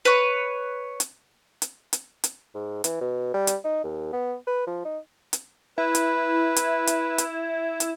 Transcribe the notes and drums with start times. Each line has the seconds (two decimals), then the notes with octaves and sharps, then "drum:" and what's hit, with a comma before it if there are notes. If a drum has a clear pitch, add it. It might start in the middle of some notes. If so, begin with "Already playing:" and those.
0.05 B4 C#5
1.00 drum: hi-hat
1.62 drum: hi-hat
1.93 drum: hi-hat
2.24 drum: hi-hat
2.55 G#2
2.84 E3, drum: hi-hat
3.01 B2
3.34 G3
3.47 drum: hi-hat
3.64 D#4
3.84 D#2
4.13 B3
4.47 B4
4.67 F3
4.85 D#4
5.33 drum: hi-hat
5.78 E4 B4
5.95 drum: hi-hat
6.56 drum: hi-hat
6.87 drum: hi-hat
7.18 drum: hi-hat
7.80 drum: hi-hat